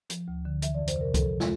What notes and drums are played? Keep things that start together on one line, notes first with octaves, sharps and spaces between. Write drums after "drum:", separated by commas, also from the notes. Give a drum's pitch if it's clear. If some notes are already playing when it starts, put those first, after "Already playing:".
F3, drum: hi-hat
D2
D3
E3 E5, drum: hi-hat
F2 D5
C5, drum: hi-hat
C3 A#4
F3 A4, drum: kick C2, hi-hat
F4, drum: snare